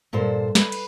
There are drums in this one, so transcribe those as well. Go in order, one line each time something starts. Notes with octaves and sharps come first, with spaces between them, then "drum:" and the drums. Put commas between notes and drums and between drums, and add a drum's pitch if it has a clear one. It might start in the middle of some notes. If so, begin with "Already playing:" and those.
G2 A#2 A4 C5
B4, drum: snare
drum: cymbal